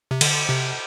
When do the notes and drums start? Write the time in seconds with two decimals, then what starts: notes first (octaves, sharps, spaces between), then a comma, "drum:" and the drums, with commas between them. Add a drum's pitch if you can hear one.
0.11 C3
0.21 D3, drum: cymbal
0.49 C3